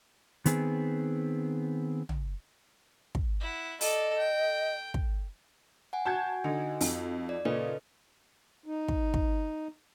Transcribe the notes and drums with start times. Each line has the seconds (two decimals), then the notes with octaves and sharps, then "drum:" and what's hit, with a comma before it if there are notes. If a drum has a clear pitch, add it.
0.46 D#3 B3 C4 G#4, drum: hi-hat
2.09 drum: tom
3.15 drum: kick
3.40 E4 F#5
3.81 A4 D5 D#5, drum: open hi-hat
4.17 G5
4.94 drum: kick
5.93 F#5 G#5
6.06 F#4 A5 G6 G#6
6.44 D3 D#4
6.81 F2, drum: open hi-hat
7.29 D5
7.45 A#2 C#3 A4 B4 D#5
8.66 D#4
8.88 drum: kick
9.14 drum: kick